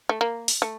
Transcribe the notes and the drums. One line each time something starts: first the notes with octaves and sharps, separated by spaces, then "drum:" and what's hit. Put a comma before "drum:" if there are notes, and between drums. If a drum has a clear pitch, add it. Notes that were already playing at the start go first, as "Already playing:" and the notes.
A3
A#3
drum: open hi-hat
A3